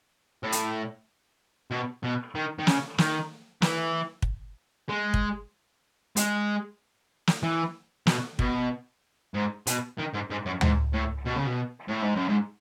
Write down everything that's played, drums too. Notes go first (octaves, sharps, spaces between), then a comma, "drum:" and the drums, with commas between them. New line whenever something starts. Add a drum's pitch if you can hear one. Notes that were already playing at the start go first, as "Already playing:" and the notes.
A2
drum: hi-hat
B2
B2
D#3
D#3
C#3, drum: snare
D#3, drum: snare
E3, drum: snare
drum: kick
G#3
drum: kick
G#3, drum: hi-hat
drum: snare
E3
B2, drum: snare
B2, drum: kick
G#2
B2, drum: hi-hat
D#3
G#2
G#2
F#2
G#2, drum: tom D2
A2
B2
C#3
B2
A2
G#2
F#2
G#2